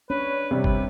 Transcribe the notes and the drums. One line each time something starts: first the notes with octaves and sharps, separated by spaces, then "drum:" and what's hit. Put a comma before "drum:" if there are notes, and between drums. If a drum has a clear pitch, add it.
C#4 D4 B4 C#5
C3 G3
B4, drum: kick G#1